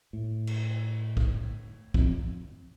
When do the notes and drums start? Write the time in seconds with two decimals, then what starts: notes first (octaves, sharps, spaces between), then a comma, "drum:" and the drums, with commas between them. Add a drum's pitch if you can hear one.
0.13 A2
0.47 drum: cymbal
1.17 drum: kick
1.94 F2, drum: kick